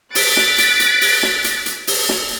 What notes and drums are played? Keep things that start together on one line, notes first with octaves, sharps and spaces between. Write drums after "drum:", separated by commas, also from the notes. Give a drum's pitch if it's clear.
F#6 A6 B6 D7, drum: open hi-hat
drum: snare
drum: hi-hat
drum: hi-hat
drum: open hi-hat
drum: snare
drum: hi-hat
drum: hi-hat
drum: open hi-hat
drum: snare